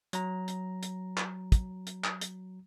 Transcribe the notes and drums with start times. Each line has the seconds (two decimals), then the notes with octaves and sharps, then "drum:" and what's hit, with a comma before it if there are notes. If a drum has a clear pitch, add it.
0.13 F#3 A#5, drum: hi-hat
0.48 drum: hi-hat
0.83 drum: hi-hat
1.17 drum: clap
1.52 drum: kick, hi-hat
1.87 drum: hi-hat
2.04 drum: clap
2.21 drum: hi-hat